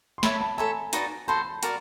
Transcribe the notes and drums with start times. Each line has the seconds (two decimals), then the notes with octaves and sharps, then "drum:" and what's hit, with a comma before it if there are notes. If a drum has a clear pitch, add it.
0.18 C6
0.23 A4 C#5 E5 A5 B5, drum: snare
0.40 A5 B5
0.57 A4 C#5 E5 G#5 A#5
0.93 D#4 F#4 B4 D5, drum: hi-hat
1.28 F#4 A4 C5 A5 B5
1.63 F#4 A#4 D5, drum: hi-hat